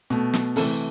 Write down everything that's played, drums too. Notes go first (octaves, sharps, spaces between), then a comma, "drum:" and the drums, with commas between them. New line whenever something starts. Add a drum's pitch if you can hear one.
B2 A3, drum: hi-hat
drum: snare
C3 E3 A3 A4, drum: open hi-hat